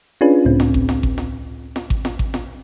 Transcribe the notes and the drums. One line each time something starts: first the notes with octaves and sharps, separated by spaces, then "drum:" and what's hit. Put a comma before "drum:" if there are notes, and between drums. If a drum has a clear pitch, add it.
C#4 D4 F4 G#4 B4
C#2 A2 C4
drum: snare
drum: kick G#1
drum: snare
drum: kick G#1
drum: snare
drum: snare
drum: kick G#1
drum: snare
drum: kick G#1
drum: snare